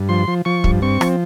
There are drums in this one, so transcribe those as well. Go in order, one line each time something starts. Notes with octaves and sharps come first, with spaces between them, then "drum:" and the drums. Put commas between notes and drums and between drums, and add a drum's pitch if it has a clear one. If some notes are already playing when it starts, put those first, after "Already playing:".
Already playing: G2
F3 C6
F3
F3 C#6
G2, drum: kick
C4 C#6
F3, drum: rim click